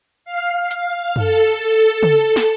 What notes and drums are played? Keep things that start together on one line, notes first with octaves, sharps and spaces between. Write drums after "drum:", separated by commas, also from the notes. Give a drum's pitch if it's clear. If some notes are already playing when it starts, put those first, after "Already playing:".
F5
drum: hi-hat
A4, drum: tom F#2
drum: tom C#3
drum: snare